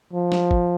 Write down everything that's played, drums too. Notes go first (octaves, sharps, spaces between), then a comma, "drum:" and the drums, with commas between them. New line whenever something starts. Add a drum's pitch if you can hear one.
F3
drum: snare
drum: kick